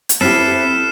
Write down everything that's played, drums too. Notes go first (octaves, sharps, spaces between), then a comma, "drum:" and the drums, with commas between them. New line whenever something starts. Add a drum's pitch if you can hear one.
drum: hi-hat
C4 E4 G4 A4 B4 F6 C7 E7